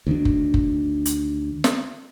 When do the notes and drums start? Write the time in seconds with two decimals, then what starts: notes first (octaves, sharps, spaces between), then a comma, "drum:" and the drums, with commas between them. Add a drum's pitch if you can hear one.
0.07 D2 D#3 D4
0.25 drum: kick F#1
0.54 drum: kick F#1
1.06 drum: hi-hat
1.64 drum: snare